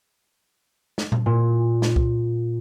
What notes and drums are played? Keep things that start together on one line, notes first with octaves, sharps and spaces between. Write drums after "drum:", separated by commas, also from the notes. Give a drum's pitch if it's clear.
drum: snare
drum: tom A#2
A#2
drum: snare
drum: kick C2